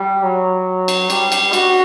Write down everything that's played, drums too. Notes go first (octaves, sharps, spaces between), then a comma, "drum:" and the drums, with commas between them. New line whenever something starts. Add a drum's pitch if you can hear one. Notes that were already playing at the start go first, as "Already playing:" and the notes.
Already playing: G3
F#3
drum: cymbal
G3, drum: cymbal
drum: cymbal
F#4, drum: cymbal